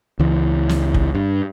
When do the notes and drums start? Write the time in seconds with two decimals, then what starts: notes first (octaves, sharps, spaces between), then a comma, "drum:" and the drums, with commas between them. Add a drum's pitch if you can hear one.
0.19 C#2 E3
0.69 drum: snare
0.94 drum: kick
1.15 G2